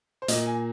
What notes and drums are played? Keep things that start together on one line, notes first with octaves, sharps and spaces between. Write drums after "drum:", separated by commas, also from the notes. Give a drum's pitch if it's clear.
C5
A#2 A#3 D#5, drum: hi-hat
G#5